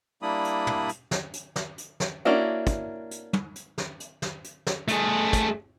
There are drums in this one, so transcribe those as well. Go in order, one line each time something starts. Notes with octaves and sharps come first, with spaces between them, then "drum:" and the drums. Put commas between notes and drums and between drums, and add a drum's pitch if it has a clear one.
G3 A#3 D4 E4 B5 D#6
drum: hi-hat
drum: tom
drum: hi-hat
drum: snare
drum: hi-hat
drum: snare
drum: hi-hat
drum: snare
A#3 C#4 D4 E4 F#4
drum: kick, hi-hat
drum: hi-hat
drum: tom
drum: hi-hat
drum: snare
drum: hi-hat
drum: snare
drum: hi-hat
drum: snare
A3 G#4, drum: hi-hat
drum: kick, hi-hat